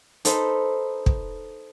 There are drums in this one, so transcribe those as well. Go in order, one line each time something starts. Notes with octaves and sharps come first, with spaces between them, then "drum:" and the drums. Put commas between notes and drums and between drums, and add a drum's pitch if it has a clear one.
D#4 A4 B4 C5, drum: hi-hat
drum: kick